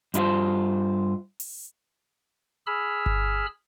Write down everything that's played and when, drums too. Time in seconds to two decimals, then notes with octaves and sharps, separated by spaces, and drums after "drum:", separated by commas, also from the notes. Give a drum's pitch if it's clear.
0.14 G2 E4 F4 C5, drum: hi-hat
1.40 drum: open hi-hat
2.67 G#4 B5 E6 F6
3.06 drum: kick G1